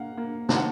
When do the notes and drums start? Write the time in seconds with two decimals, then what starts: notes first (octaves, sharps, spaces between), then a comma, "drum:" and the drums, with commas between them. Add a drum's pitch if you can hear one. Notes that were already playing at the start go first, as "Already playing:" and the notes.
Already playing: A#3 F5 F#5
0.17 A#3
0.49 D#3 A5, drum: snare
0.56 F#5